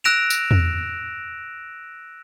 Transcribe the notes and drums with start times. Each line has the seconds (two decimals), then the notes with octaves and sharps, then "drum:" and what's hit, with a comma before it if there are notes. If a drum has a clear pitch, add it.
0.04 E6 F#6 A#6 D7 E7 F7
0.30 drum: tambourine
0.51 drum: tom E2